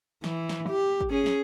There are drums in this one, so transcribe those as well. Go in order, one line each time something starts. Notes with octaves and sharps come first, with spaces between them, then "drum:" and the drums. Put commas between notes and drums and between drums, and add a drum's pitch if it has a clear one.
E3, drum: snare
drum: snare
G4
drum: kick
C#4 G#4
drum: snare